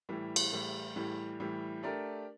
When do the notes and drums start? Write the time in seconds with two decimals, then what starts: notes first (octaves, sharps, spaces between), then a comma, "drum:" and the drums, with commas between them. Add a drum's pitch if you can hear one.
0.09 A2 E3 G3
0.36 drum: cymbal
0.52 A2 E3 G3
0.96 A2 E3 G3
1.40 A2 E3 G3
1.83 A3 D4 G4 A#4 D5